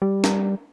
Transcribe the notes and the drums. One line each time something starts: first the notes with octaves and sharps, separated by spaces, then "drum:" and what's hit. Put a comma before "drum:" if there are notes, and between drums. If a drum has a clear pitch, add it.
G3
drum: snare